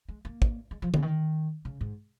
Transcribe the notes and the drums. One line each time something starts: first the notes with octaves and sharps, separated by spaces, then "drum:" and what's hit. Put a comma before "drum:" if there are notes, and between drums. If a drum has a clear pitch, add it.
G#3
A#3
drum: kick
G#3
F3
C#3, drum: tom D3
D#3
C#3
G#2